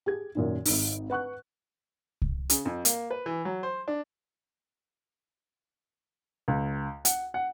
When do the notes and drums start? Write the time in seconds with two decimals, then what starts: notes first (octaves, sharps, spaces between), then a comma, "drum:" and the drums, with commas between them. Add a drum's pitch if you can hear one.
0.06 G4 G#4 G#6
0.35 F#2 A#2 D#3
0.65 G#1 D#4, drum: open hi-hat
1.10 B4 F#5 C#6 F#6
2.22 drum: kick C2
2.50 C#3, drum: hi-hat
2.65 F2
2.85 A#3, drum: hi-hat
3.11 B4
3.26 E3
3.45 F#3
3.63 C5
3.88 D4
6.48 C#2
7.05 F#5, drum: hi-hat
7.34 F#5